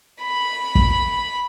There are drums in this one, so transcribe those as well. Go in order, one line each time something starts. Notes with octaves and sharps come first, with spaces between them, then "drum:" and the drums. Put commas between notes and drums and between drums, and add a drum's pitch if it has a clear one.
B5
drum: kick